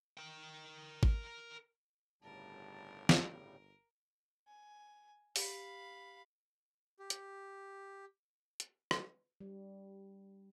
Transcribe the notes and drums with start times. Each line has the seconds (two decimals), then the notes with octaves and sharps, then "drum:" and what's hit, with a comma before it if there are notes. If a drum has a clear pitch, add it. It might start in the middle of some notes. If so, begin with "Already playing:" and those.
0.17 A#4 G5
1.03 drum: kick G#1
2.22 G1 A2 C#3 G3 A#4 A5
3.09 drum: snare
4.47 G#5
5.36 G4 F5 B5, drum: open hi-hat
6.99 G4
7.10 drum: hi-hat
8.60 drum: hi-hat
8.91 drum: rim click
9.40 G3